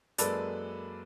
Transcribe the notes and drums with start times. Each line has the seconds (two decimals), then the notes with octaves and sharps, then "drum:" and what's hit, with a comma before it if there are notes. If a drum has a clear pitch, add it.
0.18 F#2 G#3 A#3 A4 B4 D5, drum: hi-hat